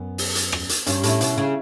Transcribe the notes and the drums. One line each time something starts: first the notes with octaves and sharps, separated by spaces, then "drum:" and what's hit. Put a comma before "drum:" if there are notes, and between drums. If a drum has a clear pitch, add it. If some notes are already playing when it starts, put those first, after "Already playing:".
Already playing: F#2 B3
drum: open hi-hat
drum: hi-hat
drum: rim click
drum: hi-hat
G2 C#4, drum: hi-hat
A2, drum: hi-hat
E4
B2, drum: hi-hat
C#3